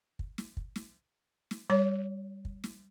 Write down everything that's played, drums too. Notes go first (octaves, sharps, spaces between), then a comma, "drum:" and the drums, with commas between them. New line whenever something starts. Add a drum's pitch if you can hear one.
drum: kick
drum: snare
drum: kick
drum: snare
drum: snare
G3 C#5
drum: kick
drum: snare